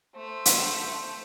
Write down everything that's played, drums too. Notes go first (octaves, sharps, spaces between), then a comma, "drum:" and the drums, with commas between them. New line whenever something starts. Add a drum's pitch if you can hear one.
A3 C5
drum: hi-hat